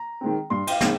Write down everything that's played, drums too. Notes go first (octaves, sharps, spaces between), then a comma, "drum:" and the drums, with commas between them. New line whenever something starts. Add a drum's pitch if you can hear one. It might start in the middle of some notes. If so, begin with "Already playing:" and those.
Already playing: A#5
D#3 G#3 C4
G2 C6
G5, drum: cymbal
F5
D#3 G#3 C4, drum: snare